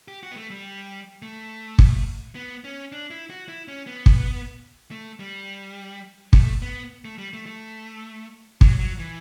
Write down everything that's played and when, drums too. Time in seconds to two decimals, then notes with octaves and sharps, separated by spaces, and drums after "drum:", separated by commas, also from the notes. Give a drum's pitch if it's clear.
0.08 G4
0.23 F#4
0.31 B3
0.37 A3
0.50 G3
1.22 A3
1.79 drum: kick
2.35 B3
2.64 C#4
2.92 D4
3.11 E4
3.30 F#4
3.48 E4
3.68 C#4
3.87 B3
4.06 drum: kick
4.91 A3
5.20 G3
6.33 A3, drum: kick
6.62 B3
7.05 A3
7.18 G3
7.33 A3
7.47 A3
8.61 F#3, drum: kick
8.79 F#3
8.99 E3